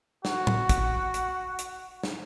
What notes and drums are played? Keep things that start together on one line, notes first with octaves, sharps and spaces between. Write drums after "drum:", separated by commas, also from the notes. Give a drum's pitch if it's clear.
F#4, drum: snare
drum: tom
drum: kick, hi-hat
drum: hi-hat
drum: hi-hat
drum: snare